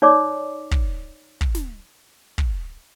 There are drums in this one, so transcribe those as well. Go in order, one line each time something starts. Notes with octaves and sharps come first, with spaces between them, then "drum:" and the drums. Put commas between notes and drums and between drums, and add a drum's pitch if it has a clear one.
D#4 C#5 D5 D6
drum: kick
drum: kick
drum: snare
drum: kick